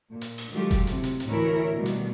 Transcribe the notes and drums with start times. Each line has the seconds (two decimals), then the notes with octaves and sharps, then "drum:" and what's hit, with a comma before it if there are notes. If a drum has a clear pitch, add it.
0.11 A#2
0.21 drum: hi-hat
0.38 drum: open hi-hat
0.53 D#3 F#3 G#3 F4 G4 A4
0.71 drum: kick F1, hi-hat
0.87 A2 C3, drum: hi-hat
1.04 drum: hi-hat
1.20 drum: hi-hat
1.29 D2 A2 E3 E4 A#4 C#5
1.74 B2 D3 D#3 G3 A3 A#3
1.86 drum: hi-hat